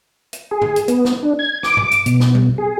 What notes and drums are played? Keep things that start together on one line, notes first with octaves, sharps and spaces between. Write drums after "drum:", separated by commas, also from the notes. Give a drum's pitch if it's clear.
drum: hi-hat
G#4
drum: tom G2
drum: hi-hat
B3, drum: hi-hat
drum: snare
D4
G#6
D6, drum: snare
drum: tom G2
drum: hi-hat
B2, drum: hi-hat
drum: snare
drum: tom F#3
G#4